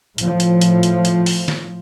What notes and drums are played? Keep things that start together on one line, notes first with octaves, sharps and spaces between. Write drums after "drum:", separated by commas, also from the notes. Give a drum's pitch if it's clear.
A2 F3, drum: hi-hat
drum: hi-hat
drum: hi-hat
drum: hi-hat
drum: hi-hat
drum: open hi-hat
drum: snare